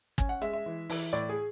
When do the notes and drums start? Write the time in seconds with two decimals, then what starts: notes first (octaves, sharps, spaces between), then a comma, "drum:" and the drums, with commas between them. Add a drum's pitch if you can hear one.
0.18 C#4 G#5, drum: kick, hi-hat
0.29 F#5
0.41 G#3 E5, drum: hi-hat
0.53 E5
0.66 E3
0.89 E3, drum: open hi-hat
1.13 A2 D5
1.29 G#4